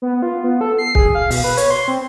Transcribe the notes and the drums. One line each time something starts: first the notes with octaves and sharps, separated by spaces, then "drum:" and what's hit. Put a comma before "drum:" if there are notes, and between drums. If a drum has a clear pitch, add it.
B3
F4
B3
A4
C7
G#4, drum: kick
F5
B2, drum: open hi-hat
B4
C#5, drum: hi-hat
C6
C4